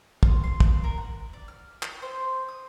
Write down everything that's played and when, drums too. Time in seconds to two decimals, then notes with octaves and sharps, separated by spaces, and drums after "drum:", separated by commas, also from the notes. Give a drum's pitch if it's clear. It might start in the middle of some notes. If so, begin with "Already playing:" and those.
0.23 F4, drum: kick
0.44 C6
0.60 drum: kick
0.84 A#4
0.98 F#5
1.33 D5
1.48 F6
1.83 G5, drum: clap
2.02 C5
2.48 D#6